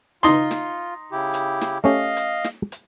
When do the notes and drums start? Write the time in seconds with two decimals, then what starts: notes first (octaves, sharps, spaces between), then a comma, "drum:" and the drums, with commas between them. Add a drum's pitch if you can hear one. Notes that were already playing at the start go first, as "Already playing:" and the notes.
0.23 D#4 F4 C6, drum: hi-hat
0.51 drum: snare
1.12 C#3 E4 G4
1.34 drum: hi-hat
1.61 drum: snare
1.84 A3 C#4 G4 D#5 F5
2.17 drum: hi-hat
2.44 drum: snare
2.72 drum: hi-hat